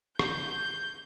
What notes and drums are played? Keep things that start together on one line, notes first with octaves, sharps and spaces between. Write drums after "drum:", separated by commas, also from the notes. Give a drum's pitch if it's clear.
G6, drum: rim click